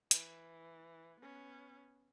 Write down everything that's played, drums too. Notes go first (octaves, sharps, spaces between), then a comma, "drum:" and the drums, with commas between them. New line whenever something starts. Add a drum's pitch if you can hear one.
E3, drum: hi-hat
B3 C#4